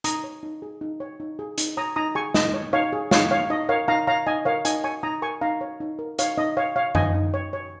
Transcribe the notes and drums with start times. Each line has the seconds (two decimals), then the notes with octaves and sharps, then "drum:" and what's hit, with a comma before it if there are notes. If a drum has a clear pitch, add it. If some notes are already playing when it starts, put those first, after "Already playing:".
0.04 D#4 A#5 D#6, drum: hi-hat
0.24 C#5
0.43 D#4
0.62 G#4
0.81 D#4
1.00 C#5
1.20 D#4
1.39 G#4
1.58 D#4, drum: hi-hat
1.77 C#5 A#5 D#6
1.96 D#4 A#5 D#6
2.15 G#4 G#5 C#6
2.34 D#4 D#5, drum: snare
2.54 C#5
2.73 D#4 C#5 F5
2.93 G#4
3.11 D#4 C#5 F5, drum: snare
3.31 C#5 F5
3.50 D#4 D#5
3.69 A#4 C#5 F5
3.88 D#4 F5 A#5
4.07 C#5 F5 A#5
4.27 D#4 D#5 G#5
4.45 A#4 C#5 F5
4.65 D#4 D#5 G#5, drum: hi-hat
4.84 C#5 G#5 C#6
5.03 D#4 A#5 D#6
5.22 A#4 G#5 C#6
5.41 D#4 F5 A#5
5.61 C#5
5.80 D#4
5.99 A#4
6.18 D#4 C#5 F5, drum: hi-hat
6.38 D#4 D#5
6.57 C#5 F5
6.76 C#5 F5
6.95 D#4 D#5 G#5, drum: tom F#2
7.15 D#4
7.34 C#5
7.53 C#5